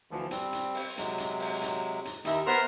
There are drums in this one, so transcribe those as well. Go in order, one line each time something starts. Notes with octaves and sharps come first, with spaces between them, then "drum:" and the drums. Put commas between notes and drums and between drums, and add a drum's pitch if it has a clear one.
D2 E3 F3
G3 C4, drum: hi-hat
drum: hi-hat
drum: open hi-hat
C3 F#3 G#3, drum: hi-hat
drum: hi-hat
drum: open hi-hat
drum: hi-hat
drum: hi-hat
D#2 D#3 E4, drum: hi-hat
B3 A#4 C5